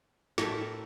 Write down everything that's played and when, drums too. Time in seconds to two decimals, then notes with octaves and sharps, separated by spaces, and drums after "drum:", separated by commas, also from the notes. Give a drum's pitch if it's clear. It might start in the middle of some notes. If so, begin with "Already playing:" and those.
0.38 A2 A4 A#4 E5, drum: snare